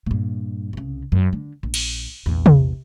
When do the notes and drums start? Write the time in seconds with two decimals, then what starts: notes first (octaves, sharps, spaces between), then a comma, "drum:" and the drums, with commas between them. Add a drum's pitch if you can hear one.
0.06 G2 A#2
0.73 C2 C#3
1.12 F#2
1.33 D3
1.63 A#1
1.74 drum: cymbal
2.26 A#1 E2
2.46 drum: tom